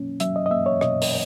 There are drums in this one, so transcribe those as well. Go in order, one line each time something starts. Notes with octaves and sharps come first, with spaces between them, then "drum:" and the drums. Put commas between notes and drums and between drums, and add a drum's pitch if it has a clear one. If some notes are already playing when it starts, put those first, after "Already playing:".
Already playing: B2 F#3 A#3 C#4
F#3 E5, drum: hi-hat
D#5
D#5
A#3 E5
C#5
B2 D#5, drum: rim click
drum: open hi-hat